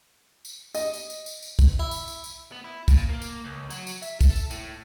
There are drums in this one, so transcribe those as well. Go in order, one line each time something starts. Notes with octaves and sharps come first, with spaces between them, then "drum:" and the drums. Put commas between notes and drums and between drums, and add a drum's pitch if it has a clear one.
drum: tambourine
D#5, drum: tambourine
drum: tambourine
drum: tambourine
drum: tambourine
drum: tambourine
drum: kick, tambourine
E4
drum: tambourine
drum: tambourine
drum: tambourine
B3
E4
A#2, drum: kick, tambourine
A#3
drum: tambourine
C#2
F#3, drum: tambourine
drum: tambourine
E5, drum: tambourine
A4, drum: kick, tambourine
drum: tambourine
A2, drum: tambourine